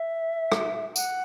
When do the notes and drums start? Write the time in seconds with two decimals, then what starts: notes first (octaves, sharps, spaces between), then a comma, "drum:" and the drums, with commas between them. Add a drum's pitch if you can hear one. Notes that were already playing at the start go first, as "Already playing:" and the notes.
Already playing: E5
0.52 drum: rim click
0.96 F#5, drum: tambourine